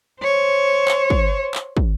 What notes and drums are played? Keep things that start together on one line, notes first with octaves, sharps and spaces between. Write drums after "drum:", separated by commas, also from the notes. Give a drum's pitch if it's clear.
C5 C#5
drum: clap
drum: kick
drum: clap
drum: kick